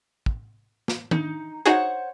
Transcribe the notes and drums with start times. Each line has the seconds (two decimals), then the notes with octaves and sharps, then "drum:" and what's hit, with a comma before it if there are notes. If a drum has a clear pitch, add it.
0.26 drum: kick
0.88 drum: snare
1.11 D#4, drum: tom D#3
1.66 D#4 F#4 G#4 C5 C#5 F#5